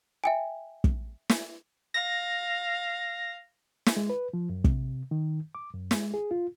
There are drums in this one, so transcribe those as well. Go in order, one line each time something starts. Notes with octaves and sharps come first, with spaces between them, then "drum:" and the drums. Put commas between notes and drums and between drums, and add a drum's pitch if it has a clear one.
E5 G5 G#5
drum: kick
drum: snare
F5 A#6
drum: snare
G#3
B4
F3
F#2
C3, drum: kick
D#3
D6
F#2
G#3, drum: snare
G#4
F4